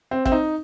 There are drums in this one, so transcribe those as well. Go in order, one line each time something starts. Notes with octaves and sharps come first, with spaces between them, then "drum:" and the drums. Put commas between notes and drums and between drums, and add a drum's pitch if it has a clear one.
C4
C4, drum: kick
D#4